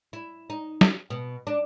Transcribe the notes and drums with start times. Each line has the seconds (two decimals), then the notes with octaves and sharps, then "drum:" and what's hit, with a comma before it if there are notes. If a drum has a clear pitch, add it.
0.13 E4
0.50 D#4
0.81 drum: snare
1.10 B2
1.47 D4